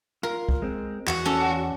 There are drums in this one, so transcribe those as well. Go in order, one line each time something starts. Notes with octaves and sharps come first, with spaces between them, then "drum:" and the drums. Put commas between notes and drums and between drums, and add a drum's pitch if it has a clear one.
F4 A#4
drum: kick
G#3 C4
E2 F#4, drum: clap
C#4 A4 D5